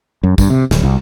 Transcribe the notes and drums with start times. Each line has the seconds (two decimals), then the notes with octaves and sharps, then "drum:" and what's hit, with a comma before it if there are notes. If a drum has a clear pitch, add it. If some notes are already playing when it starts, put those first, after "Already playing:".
0.23 F#2
0.38 G2, drum: kick, tambourine
0.50 C3
0.71 D1, drum: snare
0.83 C2